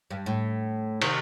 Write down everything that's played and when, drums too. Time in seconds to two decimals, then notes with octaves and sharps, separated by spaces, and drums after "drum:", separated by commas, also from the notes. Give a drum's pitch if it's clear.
0.11 G2
0.26 A2
1.02 C3 D#3, drum: cymbal